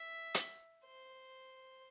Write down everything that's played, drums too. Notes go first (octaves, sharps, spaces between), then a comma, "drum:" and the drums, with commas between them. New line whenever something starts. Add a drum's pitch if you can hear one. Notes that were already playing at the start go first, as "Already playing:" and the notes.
Already playing: E5
drum: hi-hat
C5